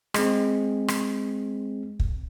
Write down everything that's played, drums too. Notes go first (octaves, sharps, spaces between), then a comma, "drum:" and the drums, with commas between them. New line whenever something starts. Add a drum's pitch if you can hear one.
G#3 C4, drum: rim click
drum: rim click
drum: kick